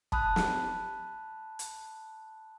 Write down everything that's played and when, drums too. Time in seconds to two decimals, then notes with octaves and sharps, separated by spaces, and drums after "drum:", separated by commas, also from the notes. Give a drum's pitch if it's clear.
0.12 A5 B5 D#6 F#6, drum: kick
0.36 drum: snare
1.59 drum: hi-hat